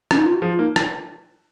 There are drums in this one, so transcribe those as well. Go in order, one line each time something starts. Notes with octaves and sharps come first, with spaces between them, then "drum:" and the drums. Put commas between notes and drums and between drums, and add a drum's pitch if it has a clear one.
C#4, drum: rim click
D#4
F4
F#4
F3 G#4
F4
A#3 D#4
drum: rim click